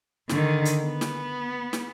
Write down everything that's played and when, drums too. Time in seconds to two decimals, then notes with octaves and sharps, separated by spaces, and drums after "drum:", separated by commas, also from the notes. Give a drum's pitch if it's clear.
0.29 D3 D#3, drum: snare
0.65 drum: hi-hat
0.85 B3
1.01 drum: snare
1.73 drum: snare